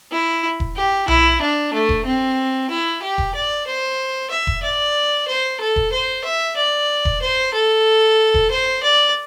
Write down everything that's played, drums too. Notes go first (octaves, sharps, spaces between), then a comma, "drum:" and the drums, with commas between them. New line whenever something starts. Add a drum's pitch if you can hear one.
E4
drum: kick E1
G4
E4, drum: tom B1
D4
A3
drum: kick E1
C4
E4
G4
drum: kick E1
D5
C5
E5
drum: kick E1
D5
C5
A4
drum: kick E1
C5
E5
D5
drum: kick E1
C5
A4
drum: kick E1
C5
D5